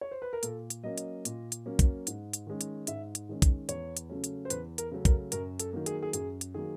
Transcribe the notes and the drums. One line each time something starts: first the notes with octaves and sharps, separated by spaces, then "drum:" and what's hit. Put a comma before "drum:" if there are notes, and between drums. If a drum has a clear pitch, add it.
C#5
C5
B4
A#4
A#2 A4, drum: hi-hat
drum: hi-hat
F#3 A#3 C#4 D#5
drum: hi-hat
A#2, drum: hi-hat
drum: hi-hat
F#3 A#3 C#4
drum: kick, hi-hat
G#2, drum: hi-hat
drum: hi-hat
D#3 G#3 C#4
drum: hi-hat
G#2 E5, drum: hi-hat
drum: hi-hat
D#3 G#3 C#4
drum: kick, hi-hat
E2 C#5, drum: hi-hat
drum: hi-hat
C#3 F#3 A3 C#4
drum: hi-hat
C5
E2 B4, drum: hi-hat
A#4, drum: hi-hat
C#3 F#3 A3 C#4
A#4, drum: kick, hi-hat
F#2 A#4, drum: hi-hat
A4, drum: hi-hat
D#3 F#3 A#3
G#4, drum: hi-hat
G#4
F#2 G#4, drum: hi-hat
drum: hi-hat
D#3 F#3 A#3 G#4